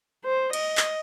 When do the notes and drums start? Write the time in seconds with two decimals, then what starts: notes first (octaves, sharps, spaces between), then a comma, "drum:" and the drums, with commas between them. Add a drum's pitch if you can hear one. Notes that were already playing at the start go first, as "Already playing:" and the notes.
0.24 C5
0.53 D#5, drum: cymbal
0.77 drum: clap